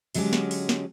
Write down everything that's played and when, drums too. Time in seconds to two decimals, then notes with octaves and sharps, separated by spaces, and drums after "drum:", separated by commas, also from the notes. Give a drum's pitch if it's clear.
0.15 D3 F#3 G#3 B3 C#4 G4, drum: open hi-hat
0.33 drum: snare
0.51 drum: open hi-hat
0.69 drum: snare